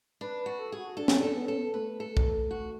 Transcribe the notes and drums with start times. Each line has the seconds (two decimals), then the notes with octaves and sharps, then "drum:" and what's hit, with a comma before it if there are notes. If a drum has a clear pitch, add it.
0.21 D4 B4
0.40 B4
0.46 F#4
0.59 A4
0.72 G#4
0.78 F#4
0.97 D4 A4
1.08 C#4, drum: snare
1.19 D4 A4
1.36 B3
1.47 C#4 A4
1.58 B3
1.74 A3 B4
2.00 A4
2.17 drum: kick
2.51 F#4